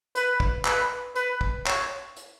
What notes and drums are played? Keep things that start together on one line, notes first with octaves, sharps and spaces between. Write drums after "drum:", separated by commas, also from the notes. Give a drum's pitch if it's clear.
B4, drum: hi-hat
drum: kick
B4, drum: clap
B4, drum: hi-hat
drum: kick
C#5, drum: clap
drum: hi-hat